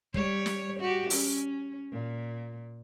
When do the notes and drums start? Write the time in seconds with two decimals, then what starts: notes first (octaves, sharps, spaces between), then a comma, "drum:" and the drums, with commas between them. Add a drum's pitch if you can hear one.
0.14 G3 C#5, drum: kick
0.46 drum: snare
0.79 F#4 G4
1.10 C#4, drum: open hi-hat
1.92 A#2